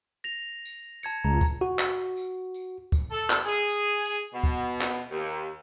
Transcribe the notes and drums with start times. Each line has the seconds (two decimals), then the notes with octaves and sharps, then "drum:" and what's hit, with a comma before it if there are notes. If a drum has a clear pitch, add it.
0.24 A#6 F7
0.65 drum: tambourine
1.03 A5 G#6 C#7, drum: tambourine
1.24 C#2 A#5
1.41 drum: kick, tambourine
1.61 F#4
1.79 drum: clap
2.17 drum: tambourine
2.54 drum: tambourine
2.92 drum: kick, tambourine
3.11 A4
3.30 drum: clap
3.45 G#4
3.68 drum: tambourine
4.06 drum: tambourine
4.33 B2
4.44 drum: kick, tambourine
4.81 drum: clap
5.11 D#2